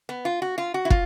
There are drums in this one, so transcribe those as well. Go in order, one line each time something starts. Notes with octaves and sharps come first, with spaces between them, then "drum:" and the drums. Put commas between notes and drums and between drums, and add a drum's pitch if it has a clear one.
B3
F4
F#4
F4
F#4
E4
F4, drum: kick